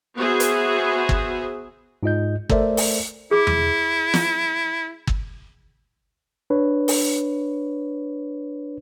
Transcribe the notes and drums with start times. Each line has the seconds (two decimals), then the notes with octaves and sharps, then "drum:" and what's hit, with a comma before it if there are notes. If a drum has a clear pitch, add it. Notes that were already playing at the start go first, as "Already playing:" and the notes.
0.18 B3 F#4 G#4 C5 E5
0.40 drum: hi-hat
1.09 drum: kick G1
2.03 G#2 F4 D#5 G6
2.49 A3 A4 A#4 C5 D5 E5, drum: kick G1
2.77 drum: open hi-hat
3.31 E4 G#4 D6
3.47 drum: tom E2
4.14 drum: snare
5.07 drum: kick G1
6.50 D4 B4 C#5
6.88 drum: open hi-hat